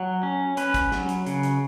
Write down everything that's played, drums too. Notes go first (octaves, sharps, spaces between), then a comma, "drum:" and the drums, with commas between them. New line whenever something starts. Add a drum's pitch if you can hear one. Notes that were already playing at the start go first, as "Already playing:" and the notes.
Already playing: F#3
C#4
C#4 B4, drum: hi-hat
drum: kick, hi-hat
F#3, drum: snare
drum: hi-hat
C#3, drum: hi-hat
drum: hi-hat